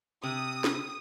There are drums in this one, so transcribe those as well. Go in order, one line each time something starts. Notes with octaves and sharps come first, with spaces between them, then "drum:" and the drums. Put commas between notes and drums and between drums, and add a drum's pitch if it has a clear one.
C3 D#6
drum: snare